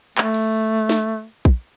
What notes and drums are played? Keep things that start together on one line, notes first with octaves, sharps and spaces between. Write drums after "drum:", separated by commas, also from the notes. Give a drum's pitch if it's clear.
A3, drum: clap
drum: cymbal
drum: snare
drum: kick